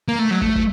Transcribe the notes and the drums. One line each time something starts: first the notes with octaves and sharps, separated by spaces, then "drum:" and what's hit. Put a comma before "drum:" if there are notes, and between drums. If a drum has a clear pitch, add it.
A#3
A3
F#3
A3, drum: kick
drum: kick